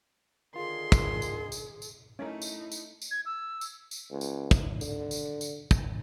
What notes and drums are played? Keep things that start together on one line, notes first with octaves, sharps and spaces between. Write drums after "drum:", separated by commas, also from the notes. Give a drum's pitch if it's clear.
D3 D#3 F4 G#4 A#4 C6
drum: kick, tambourine
drum: tambourine
drum: tambourine
drum: tambourine
A3 C#4 D#4 E4 A#4
drum: tambourine
drum: tambourine
drum: tambourine
G#6
E6
drum: tambourine
drum: tambourine
C#2
drum: tambourine
drum: kick, tambourine
D3, drum: tambourine
drum: tambourine
drum: tambourine
drum: kick, tambourine